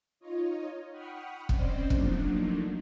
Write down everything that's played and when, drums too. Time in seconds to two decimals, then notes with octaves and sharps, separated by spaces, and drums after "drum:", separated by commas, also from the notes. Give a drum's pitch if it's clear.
0.20 D#4 F4 C#5 D#5
0.91 F#5 G5 B5 C#6 D#6 F6
1.49 C4 C#4 C5 D5 D#5 G5, drum: kick
1.90 F3 F#3 A3 A#3 D4 D#4, drum: kick